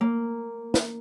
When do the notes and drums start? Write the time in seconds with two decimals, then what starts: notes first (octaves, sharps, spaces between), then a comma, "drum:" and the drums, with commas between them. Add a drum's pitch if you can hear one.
0.01 A#3
0.74 drum: snare